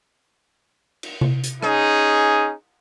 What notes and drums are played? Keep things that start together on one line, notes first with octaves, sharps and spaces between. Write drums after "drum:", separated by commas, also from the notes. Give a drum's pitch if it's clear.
drum: cymbal
drum: tom C3
drum: hi-hat
C#4 D#4 G#4, drum: rim click